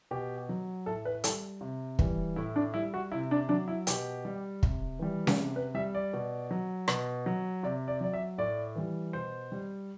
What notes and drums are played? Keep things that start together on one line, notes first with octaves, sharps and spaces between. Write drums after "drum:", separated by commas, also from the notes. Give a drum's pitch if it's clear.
B2 G4
F#3
A2 A4
B4
G3 A4, drum: hi-hat
C3
E3 G3, drum: kick
A2 E4
D4
G3 E4
F#4
C3 E4
D4
F#3 D4
E4
B2 G4, drum: hi-hat
G3
C3, drum: kick
E3 G3
drum: snare C#4
C3
B4
G3 E5
D5
B2
F#3
B2, drum: rim click
F#3
C3 D5
D5
F#3 D5
E5
A2 D5
E3 G3
B2 C5
G3